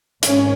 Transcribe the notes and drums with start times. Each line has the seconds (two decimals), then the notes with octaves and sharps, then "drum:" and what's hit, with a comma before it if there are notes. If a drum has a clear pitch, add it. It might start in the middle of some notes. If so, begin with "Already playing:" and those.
0.23 G#1 C#4, drum: hi-hat